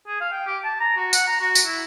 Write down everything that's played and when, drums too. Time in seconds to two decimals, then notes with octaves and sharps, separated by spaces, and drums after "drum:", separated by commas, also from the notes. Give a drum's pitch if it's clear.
0.07 G#4
0.20 F5
0.32 G5
0.47 G4
0.64 A5
0.80 A#5
0.97 F#4
1.13 F#5, drum: tambourine
1.27 A#5
1.40 F#4
1.55 drum: tambourine
1.65 E4